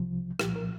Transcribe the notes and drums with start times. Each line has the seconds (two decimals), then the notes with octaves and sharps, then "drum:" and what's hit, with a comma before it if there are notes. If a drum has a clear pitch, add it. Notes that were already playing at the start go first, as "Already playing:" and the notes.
Already playing: C2 C3 F3
0.40 C2 A#2 F3 G4, drum: rim click
0.56 A#4